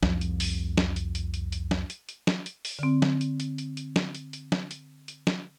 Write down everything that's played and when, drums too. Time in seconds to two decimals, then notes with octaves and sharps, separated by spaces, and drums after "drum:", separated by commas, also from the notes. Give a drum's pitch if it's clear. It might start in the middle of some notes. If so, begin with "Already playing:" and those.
0.03 C2 F2 F3, drum: snare
0.21 drum: hi-hat
0.40 drum: open hi-hat
0.77 drum: snare
0.96 drum: hi-hat
1.15 drum: hi-hat
1.34 drum: hi-hat
1.52 drum: hi-hat
1.71 drum: snare
1.90 drum: hi-hat
2.09 drum: hi-hat
2.27 drum: snare
2.46 drum: hi-hat
2.65 drum: open hi-hat
2.79 D3 C4
3.02 drum: snare
3.21 drum: hi-hat
3.40 drum: hi-hat
3.58 drum: hi-hat
3.77 drum: hi-hat
3.96 drum: snare
4.15 drum: hi-hat
4.33 drum: hi-hat
4.52 drum: snare
4.71 drum: hi-hat
5.08 drum: hi-hat
5.27 drum: snare